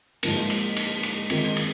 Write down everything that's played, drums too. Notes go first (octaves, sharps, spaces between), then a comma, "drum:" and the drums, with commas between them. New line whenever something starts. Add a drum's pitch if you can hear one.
G#2 F3 A#3, drum: cymbal
drum: cymbal
drum: cymbal
drum: cymbal
D#3 G#3 C4 F4, drum: cymbal
drum: cymbal